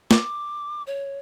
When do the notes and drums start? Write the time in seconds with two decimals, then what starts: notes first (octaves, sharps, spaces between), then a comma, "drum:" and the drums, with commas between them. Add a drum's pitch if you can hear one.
0.11 D6, drum: snare
0.87 C#5